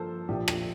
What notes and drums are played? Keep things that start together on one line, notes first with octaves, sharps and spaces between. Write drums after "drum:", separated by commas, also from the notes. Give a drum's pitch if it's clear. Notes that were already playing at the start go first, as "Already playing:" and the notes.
Already playing: G2 F3 A#3 A4 A#4 C5
A#1 A#2 F3 G4
drum: rim click